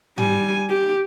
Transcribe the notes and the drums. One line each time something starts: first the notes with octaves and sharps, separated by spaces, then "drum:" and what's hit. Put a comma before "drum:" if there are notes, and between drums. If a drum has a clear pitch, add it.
G3 G#5, drum: tom G#2
G4